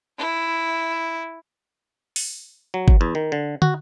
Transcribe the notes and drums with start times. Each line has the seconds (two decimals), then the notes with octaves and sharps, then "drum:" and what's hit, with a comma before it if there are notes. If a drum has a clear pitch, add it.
0.18 E4
2.16 drum: open hi-hat
2.74 F#3
2.88 drum: kick G1
3.01 E2
3.15 D#3
3.32 D3
3.62 F#4, drum: tom